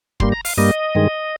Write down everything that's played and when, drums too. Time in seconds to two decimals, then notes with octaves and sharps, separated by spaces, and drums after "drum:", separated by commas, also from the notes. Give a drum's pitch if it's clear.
0.20 G2 G3 A#3 C6, drum: kick
0.32 A#5
0.45 F5, drum: open hi-hat
0.58 G2 G3 A#3 D#5
0.95 G2 D#3 G#3